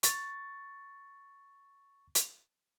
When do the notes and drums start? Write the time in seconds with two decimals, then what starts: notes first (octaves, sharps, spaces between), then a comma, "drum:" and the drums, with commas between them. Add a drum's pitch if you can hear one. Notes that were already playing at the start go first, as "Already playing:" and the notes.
0.03 C#6 A6, drum: hi-hat
2.15 drum: hi-hat